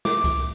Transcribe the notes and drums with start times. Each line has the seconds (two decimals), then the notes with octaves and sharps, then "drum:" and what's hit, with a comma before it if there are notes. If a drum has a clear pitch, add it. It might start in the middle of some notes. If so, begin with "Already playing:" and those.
0.05 D6, drum: snare
0.24 drum: kick C2, hi-hat